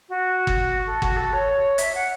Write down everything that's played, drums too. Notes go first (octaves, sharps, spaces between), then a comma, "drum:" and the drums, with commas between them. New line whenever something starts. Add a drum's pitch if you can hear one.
F#4
drum: kick
A4
F#4, drum: kick
A4
C#5
E5, drum: hi-hat
F#5